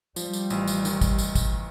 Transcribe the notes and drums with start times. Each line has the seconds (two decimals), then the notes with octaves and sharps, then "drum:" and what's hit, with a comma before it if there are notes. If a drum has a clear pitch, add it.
0.16 F3 G3, drum: tambourine
0.33 drum: tambourine
0.50 A1, drum: tambourine
0.67 drum: tambourine
0.85 D#3, drum: tambourine
1.01 drum: kick, tambourine
1.18 drum: tambourine
1.35 drum: kick, tambourine